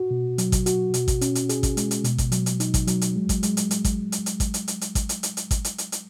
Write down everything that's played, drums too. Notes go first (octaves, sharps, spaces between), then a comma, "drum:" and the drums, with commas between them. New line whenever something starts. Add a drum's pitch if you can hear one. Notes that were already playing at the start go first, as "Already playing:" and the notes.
Already playing: F#4
B2
F#3, drum: hi-hat
drum: kick G#1, hi-hat
F#4, drum: hi-hat
B2, drum: hi-hat
drum: kick G#1, hi-hat
C#4, drum: hi-hat
drum: hi-hat
G#4, drum: hi-hat
drum: kick G#1, hi-hat
G#3, drum: hi-hat
drum: hi-hat
B2, drum: hi-hat
drum: kick G#1, hi-hat
F#3, drum: hi-hat
drum: hi-hat
D#4, drum: hi-hat
drum: kick G#1, hi-hat
F#3, drum: hi-hat
drum: hi-hat
G#3
drum: kick G#1, hi-hat
G#3, drum: hi-hat
drum: hi-hat
G#3, drum: hi-hat
drum: kick G#1, hi-hat
drum: hi-hat
drum: hi-hat
drum: kick G#1, hi-hat
drum: hi-hat
drum: hi-hat
drum: hi-hat
drum: kick G#1, hi-hat
drum: hi-hat
drum: hi-hat
drum: hi-hat
drum: kick G#1, hi-hat
drum: hi-hat
drum: hi-hat
drum: hi-hat